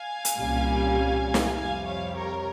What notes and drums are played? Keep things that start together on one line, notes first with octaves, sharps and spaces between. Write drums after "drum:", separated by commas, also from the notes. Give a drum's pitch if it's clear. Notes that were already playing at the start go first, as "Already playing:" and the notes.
Already playing: F5 G#5
drum: hi-hat
C2 A#2 G3 C#4
drum: snare
F2 C3 G3 F5 G#5
C#5 F5
A#4 C#5